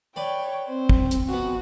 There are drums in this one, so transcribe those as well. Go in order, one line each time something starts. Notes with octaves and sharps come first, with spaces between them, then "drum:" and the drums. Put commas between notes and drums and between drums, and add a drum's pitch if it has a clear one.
B4 C#5 D5 G5
C4 C5
drum: kick
drum: hi-hat
F2 B3 F#4